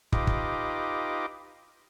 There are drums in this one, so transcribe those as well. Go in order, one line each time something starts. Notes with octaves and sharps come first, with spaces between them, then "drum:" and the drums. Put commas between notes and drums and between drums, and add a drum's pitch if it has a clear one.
D#4 F4 G4 B4 D#5 D6, drum: kick
drum: kick